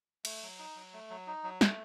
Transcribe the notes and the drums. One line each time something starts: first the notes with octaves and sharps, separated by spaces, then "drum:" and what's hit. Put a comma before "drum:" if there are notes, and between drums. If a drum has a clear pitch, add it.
A3, drum: cymbal
F#3
D#4
F#3
A3
F#3
D#4
F#3
A3, drum: snare